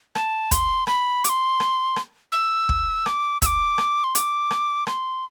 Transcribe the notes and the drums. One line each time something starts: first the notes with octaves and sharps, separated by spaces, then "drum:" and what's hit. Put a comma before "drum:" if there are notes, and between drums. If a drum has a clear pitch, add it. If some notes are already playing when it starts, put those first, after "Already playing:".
A5, drum: rim click
C6, drum: kick, hi-hat
B5, drum: rim click
D6, drum: hi-hat
C6
drum: rim click
drum: rim click
E6
drum: kick
D6, drum: rim click
E6, drum: kick, hi-hat
D6
drum: rim click
C6
D6, drum: hi-hat
drum: rim click
C6, drum: rim click